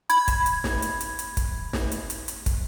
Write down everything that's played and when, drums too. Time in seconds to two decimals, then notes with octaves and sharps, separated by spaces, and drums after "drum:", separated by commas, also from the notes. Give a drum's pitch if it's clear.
0.09 B5 G#6, drum: hi-hat
0.28 drum: kick, hi-hat
0.46 drum: hi-hat
0.64 drum: snare
0.82 drum: hi-hat
1.01 drum: hi-hat
1.19 drum: hi-hat
1.37 drum: kick, hi-hat
1.73 drum: snare
1.92 drum: hi-hat
2.10 drum: hi-hat
2.28 drum: hi-hat
2.46 drum: kick, hi-hat